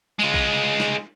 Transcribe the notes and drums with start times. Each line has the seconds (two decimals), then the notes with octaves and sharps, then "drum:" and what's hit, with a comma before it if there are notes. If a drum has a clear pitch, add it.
0.19 G#3 F4
0.34 drum: kick A#1
0.80 drum: snare